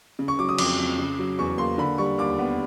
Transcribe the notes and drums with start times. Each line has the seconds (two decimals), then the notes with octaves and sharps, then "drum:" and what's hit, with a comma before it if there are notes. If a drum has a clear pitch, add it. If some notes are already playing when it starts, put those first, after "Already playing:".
0.19 C#3
0.28 C#6
0.39 F#3 D6
0.49 D#6
0.58 F2 D6, drum: cymbal
0.79 F2
0.99 C#3
1.19 F#3
1.39 E2 C#6
1.58 A#3 C6
1.78 D3 B5
1.98 G3 C#6
2.18 D#2 D6
2.39 B3